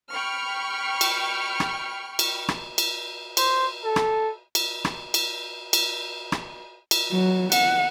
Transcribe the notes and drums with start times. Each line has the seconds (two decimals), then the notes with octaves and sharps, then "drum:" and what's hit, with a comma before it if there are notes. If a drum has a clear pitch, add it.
0.11 G5 B5 C#6 F6
1.01 drum: cymbal
1.60 drum: rim click
2.19 drum: cymbal
2.48 drum: rim click
2.78 drum: cymbal
3.37 C5, drum: cymbal
3.84 A4
3.96 drum: rim click
4.55 drum: cymbal
4.85 drum: rim click
5.14 drum: cymbal
5.73 drum: cymbal
6.32 drum: rim click
6.91 drum: cymbal
7.12 F#3
7.52 F#5, drum: cymbal